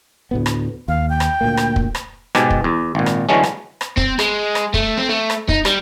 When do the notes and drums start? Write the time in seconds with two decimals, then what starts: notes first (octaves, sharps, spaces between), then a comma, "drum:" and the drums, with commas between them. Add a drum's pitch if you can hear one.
0.31 D2 A2 B3
0.46 drum: rim click
0.88 D#2 F5
1.10 G5
1.20 drum: rim click
1.41 D2 A#2 A#3
1.57 drum: rim click
1.76 drum: kick
1.95 drum: rim click
2.35 G#2 B2 G4 G#5 A5, drum: rim click
2.50 drum: kick
2.64 E2
2.95 G#1 A#2
3.06 drum: rim click
3.29 D3 E3 F#3 G#3 A3 C#4
3.43 drum: rim click
3.81 drum: rim click
3.97 C4, drum: kick
4.19 G#3, drum: rim click
4.55 drum: rim click
4.74 A3, drum: kick
4.98 C4
5.09 A3
5.30 drum: rim click
5.49 D#4, drum: kick
5.65 G3, drum: rim click